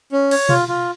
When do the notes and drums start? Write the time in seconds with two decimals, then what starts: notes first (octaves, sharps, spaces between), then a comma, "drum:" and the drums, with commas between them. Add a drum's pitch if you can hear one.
0.12 C#4
0.31 C#5, drum: cymbal
0.49 F4, drum: tom B2
0.68 F4